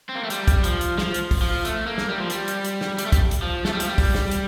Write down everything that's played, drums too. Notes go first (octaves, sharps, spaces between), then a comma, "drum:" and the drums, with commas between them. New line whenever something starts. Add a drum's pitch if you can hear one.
C4
A#3
A3
G3, drum: hi-hat
drum: kick, hi-hat
F3, drum: hi-hat
drum: hi-hat
F3, drum: snare
drum: hi-hat
drum: kick, open hi-hat
F3
A3, drum: hi-hat
A#3
drum: snare
G3
F3
G3, drum: hi-hat
drum: hi-hat
drum: hi-hat
drum: snare
G3, drum: hi-hat
A3
G3, drum: kick, hi-hat
drum: hi-hat
F3
A3, drum: snare
G3
F3, drum: hi-hat
G3
drum: kick, open hi-hat
drum: snare
drum: hi-hat